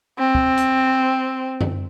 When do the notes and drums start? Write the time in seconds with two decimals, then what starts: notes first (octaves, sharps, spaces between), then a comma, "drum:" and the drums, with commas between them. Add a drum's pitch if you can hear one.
0.19 C4
0.35 drum: kick
0.57 drum: hi-hat
1.61 drum: tom F#2